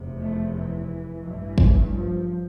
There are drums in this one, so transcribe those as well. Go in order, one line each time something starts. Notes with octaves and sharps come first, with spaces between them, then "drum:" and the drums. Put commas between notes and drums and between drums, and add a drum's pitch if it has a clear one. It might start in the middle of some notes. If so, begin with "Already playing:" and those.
Already playing: F1 E2 C3
A3
E3
A1 G2 E3
drum: kick
F3